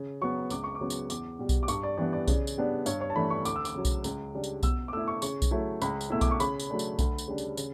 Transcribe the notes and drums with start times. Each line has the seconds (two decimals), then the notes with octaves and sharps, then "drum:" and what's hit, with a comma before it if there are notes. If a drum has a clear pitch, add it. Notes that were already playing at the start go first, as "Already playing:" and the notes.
Already playing: C#3
0.22 F#3 B3 C#6
0.50 C#2 D6, drum: tambourine
0.64 C#6
0.75 D6
0.81 C#3 F#3 B3
0.90 drum: tambourine
1.10 E2 D6, drum: tambourine
1.39 B2 G3
1.49 drum: kick B1, tambourine
1.63 D6
1.68 G2 C#6, drum: tambourine
1.83 D5
1.98 E3 G3 B3 D4 D5
2.13 D5
2.28 C#3, drum: kick B1, tambourine
2.47 drum: tambourine
2.58 G3 B3 D4
2.86 G2 C#5, drum: tambourine
3.01 C#5
3.10 A5
3.15 E3 A3 D4 B5
3.30 C#6
3.45 D2 D6, drum: tambourine
3.56 E6
3.65 D6, drum: tambourine
3.75 C#3 F#3
3.85 drum: kick B1, tambourine
4.04 C#2, drum: tambourine
4.34 C#3 G3 D4
4.44 drum: tambourine
4.63 B2 E6, drum: kick B1, tambourine
4.88 D6
4.93 A3 E4 E6
5.08 C#6
5.22 C#3 C#6, drum: tambourine
5.42 drum: kick B1, tambourine
5.51 F#3 A3 E4
5.82 C#2 B5, drum: tambourine
6.01 drum: tambourine
6.10 B2 A3 E4 E6
6.21 D6, drum: kick B1, tambourine
6.31 C#6
6.40 C#3 B5, drum: tambourine
6.60 drum: tambourine
6.70 F#3 A3 D4
6.79 drum: tambourine
6.99 D2, drum: kick B1, tambourine
7.18 drum: tambourine
7.28 C#3 G3 D4
7.38 drum: tambourine
7.57 C#3, drum: tambourine